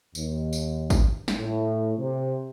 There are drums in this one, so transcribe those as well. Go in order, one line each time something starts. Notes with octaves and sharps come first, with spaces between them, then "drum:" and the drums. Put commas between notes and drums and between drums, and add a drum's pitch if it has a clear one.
D#2, drum: tambourine
drum: tambourine
drum: kick G#1, tambourine
drum: snare
A2
C3